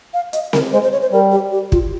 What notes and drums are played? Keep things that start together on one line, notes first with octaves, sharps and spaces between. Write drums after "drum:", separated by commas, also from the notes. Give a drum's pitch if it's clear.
F5
D#5, drum: hi-hat
A#4, drum: snare C4
G#3 C5
C5
C#5
C5
G3 A#4
G4
G4
F4, drum: kick